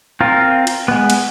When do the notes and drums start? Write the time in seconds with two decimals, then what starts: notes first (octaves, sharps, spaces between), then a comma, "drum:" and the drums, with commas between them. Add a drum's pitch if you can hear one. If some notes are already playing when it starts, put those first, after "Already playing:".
0.20 C4 F4 A#4
0.67 drum: cymbal
0.88 G#3 B3
1.10 drum: cymbal